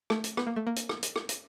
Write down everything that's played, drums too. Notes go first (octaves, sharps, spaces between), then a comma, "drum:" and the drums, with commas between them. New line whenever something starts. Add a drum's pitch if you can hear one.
A3, drum: rim click
drum: hi-hat
B3, drum: rim click
A#3
A3
A#3
drum: hi-hat
drum: rim click
drum: hi-hat
drum: rim click
drum: hi-hat